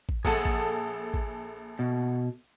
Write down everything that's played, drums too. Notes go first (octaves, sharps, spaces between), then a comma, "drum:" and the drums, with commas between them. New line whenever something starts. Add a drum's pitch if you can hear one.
drum: kick
A#1 G#4 A4 F#5 A5, drum: kick
drum: kick
drum: kick
B2